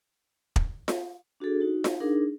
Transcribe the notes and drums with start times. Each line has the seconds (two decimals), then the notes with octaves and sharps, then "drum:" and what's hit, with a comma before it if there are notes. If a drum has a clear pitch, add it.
0.56 drum: kick
0.88 drum: snare F4
1.40 D4 F#4 G#4 A4
1.60 D#4 F#4
1.84 drum: snare F4
2.00 D4 D#4 G#4 A#4